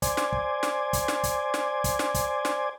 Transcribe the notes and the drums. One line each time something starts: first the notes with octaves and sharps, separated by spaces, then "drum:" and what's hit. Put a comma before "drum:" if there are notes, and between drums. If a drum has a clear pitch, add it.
C5 D5 G#5, drum: kick, hi-hat
drum: snare
drum: kick
drum: snare
drum: kick, hi-hat
drum: snare
drum: kick, hi-hat
drum: snare
drum: kick, hi-hat
drum: snare
drum: kick, hi-hat
drum: snare